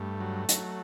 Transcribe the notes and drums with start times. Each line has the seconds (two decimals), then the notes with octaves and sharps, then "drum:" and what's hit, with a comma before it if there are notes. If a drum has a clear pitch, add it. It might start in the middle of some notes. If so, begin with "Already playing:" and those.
Already playing: G2 A3
0.20 F#3
0.49 F#3, drum: hi-hat